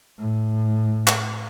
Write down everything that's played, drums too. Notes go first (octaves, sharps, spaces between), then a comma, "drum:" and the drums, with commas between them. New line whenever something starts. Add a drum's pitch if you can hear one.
A2
drum: clap